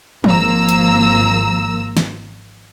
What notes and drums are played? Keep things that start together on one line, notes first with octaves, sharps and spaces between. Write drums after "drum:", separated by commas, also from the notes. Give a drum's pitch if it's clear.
G#1 F3 A#3 A#5 E6, drum: tom E3
drum: hi-hat
drum: snare